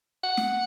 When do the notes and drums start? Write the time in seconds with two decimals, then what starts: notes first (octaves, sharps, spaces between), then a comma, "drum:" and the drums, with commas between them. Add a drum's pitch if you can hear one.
0.24 F#5
0.37 drum: snare